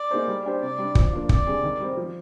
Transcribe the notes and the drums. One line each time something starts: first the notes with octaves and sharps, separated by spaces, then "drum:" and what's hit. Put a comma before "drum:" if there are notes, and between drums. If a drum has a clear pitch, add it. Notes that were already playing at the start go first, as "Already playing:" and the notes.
Already playing: D5
A#3 D#4 G#4 C5
G3
D4 G4 C5
C3 D5
G3 D4
F3, drum: kick
A#3 D4 F4
F2 D5, drum: kick
C3 G3 D4 G#4
D#3
G3 C4
F3